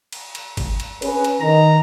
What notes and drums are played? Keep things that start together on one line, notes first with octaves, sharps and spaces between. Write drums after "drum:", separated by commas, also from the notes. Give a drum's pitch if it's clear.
drum: cymbal
drum: cymbal
drum: kick G1, cymbal
drum: cymbal
C#4 G#4 B4, drum: cymbal
drum: cymbal
D#3 A#5